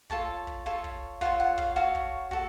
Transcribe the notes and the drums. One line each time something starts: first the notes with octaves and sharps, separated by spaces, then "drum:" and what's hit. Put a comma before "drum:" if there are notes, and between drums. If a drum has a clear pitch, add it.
F4 A4 C#5 A5, drum: kick
drum: kick
F4 A4 C#5
drum: kick
F4 A4 C#5 F#5, drum: kick
F#5
F5, drum: kick
F#4 A4 C#5 F5
drum: kick
F#4 A4, drum: kick